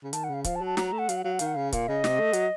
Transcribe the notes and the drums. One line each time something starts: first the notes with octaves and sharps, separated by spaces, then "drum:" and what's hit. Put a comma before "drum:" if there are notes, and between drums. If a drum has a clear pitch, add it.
C#3
D#3 A5, drum: hi-hat
F#5
C#3 F5
F3 F5, drum: kick C#1, hi-hat
A5
F#3
A5
F#3 A#5, drum: snare
A#5
A3
F#5
F#3 F5, drum: hi-hat
F#5
F#3 F5
F#5
D#3 F5, drum: hi-hat
F#5
C#3 F5
A#2 F5, drum: kick C#1, hi-hat
C#3 D#5
C3, drum: snare
A3
F#3, drum: hi-hat